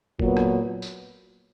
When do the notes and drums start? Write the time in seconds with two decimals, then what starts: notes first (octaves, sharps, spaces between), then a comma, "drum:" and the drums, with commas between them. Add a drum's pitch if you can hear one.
0.19 A#2 F#3 B3, drum: kick
0.37 drum: rim click
0.82 drum: tambourine